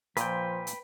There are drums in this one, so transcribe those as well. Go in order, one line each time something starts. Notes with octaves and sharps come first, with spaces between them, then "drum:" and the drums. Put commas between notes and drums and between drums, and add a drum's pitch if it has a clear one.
A#2 F3 B4 G5, drum: hi-hat
drum: hi-hat